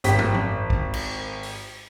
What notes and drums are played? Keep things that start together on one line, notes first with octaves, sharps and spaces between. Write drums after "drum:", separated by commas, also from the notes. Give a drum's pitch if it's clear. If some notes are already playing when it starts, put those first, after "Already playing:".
G#1 G4 B6, drum: hi-hat
drum: tom
drum: tom E3
drum: kick B1
drum: cymbal
drum: open hi-hat